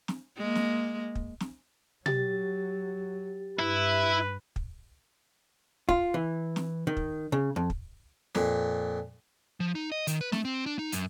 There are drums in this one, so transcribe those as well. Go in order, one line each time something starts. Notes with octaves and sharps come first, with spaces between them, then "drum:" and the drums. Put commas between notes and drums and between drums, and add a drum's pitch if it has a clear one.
drum: snare
G#3 A#3
drum: snare
drum: kick
drum: snare
F#3 G4 A6, drum: tom B2
G2 E4 B4
drum: kick
F4, drum: kick
E3
drum: snare
D#3
drum: kick
C#3
F2
drum: kick
F2 A#2, drum: snare
F3
D#4
D#5
D#3, drum: hi-hat
B4
A3, drum: snare
C4
D4
D#4
F#2, drum: hi-hat